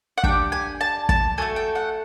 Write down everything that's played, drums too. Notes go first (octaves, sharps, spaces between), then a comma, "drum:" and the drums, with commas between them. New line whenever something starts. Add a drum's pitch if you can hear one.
F#5
D4 G4 G5, drum: kick
G#5
A5
A5, drum: kick
A3 D4 F#4 A4 G#5
G5
F#5